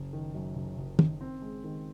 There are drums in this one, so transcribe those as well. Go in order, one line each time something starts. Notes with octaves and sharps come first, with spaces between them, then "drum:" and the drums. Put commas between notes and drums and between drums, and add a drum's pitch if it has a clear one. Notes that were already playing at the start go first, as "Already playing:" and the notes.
Already playing: F#1
D#3
F#2
F#1
F#1
D#3, drum: tom
C4
G#3
D#3